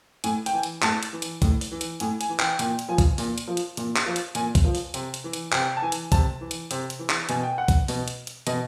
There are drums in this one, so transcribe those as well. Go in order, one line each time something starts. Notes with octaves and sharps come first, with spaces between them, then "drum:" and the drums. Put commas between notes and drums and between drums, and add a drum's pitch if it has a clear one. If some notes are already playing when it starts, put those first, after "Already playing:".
A2 G#5, drum: hi-hat
G5, drum: hi-hat
E3 G#5
drum: hi-hat
A2 A5, drum: clap
drum: hi-hat
E3
drum: hi-hat
A2, drum: kick, hi-hat
drum: open hi-hat
E3
drum: hi-hat
A2 G#5, drum: hi-hat
G#5, drum: hi-hat
E3
G5, drum: clap
A#2 G5, drum: hi-hat
drum: hi-hat
F3 G#5
drum: kick, hi-hat
A#2, drum: open hi-hat
drum: hi-hat
F3
drum: hi-hat
A#2, drum: hi-hat
drum: clap
F3
drum: hi-hat
A#2 G#5, drum: hi-hat
drum: kick, hi-hat
F3
drum: open hi-hat
C3, drum: hi-hat
drum: hi-hat
E3
drum: hi-hat
C3 G5, drum: clap
A5
E3 G#5
drum: hi-hat
C3 A5, drum: kick, hi-hat
E3
drum: hi-hat
C3, drum: hi-hat
drum: hi-hat
E3
drum: clap
B2 G#5, drum: hi-hat
G5
F#5
drum: kick, hi-hat
B2, drum: open hi-hat
drum: hi-hat
drum: hi-hat
B2 D#5, drum: hi-hat